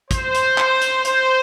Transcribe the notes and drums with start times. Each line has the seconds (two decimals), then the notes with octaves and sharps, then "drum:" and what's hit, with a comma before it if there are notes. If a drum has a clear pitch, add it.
0.11 C5, drum: kick, hi-hat
0.35 drum: hi-hat
0.58 drum: clap
0.82 drum: hi-hat
1.05 C5, drum: hi-hat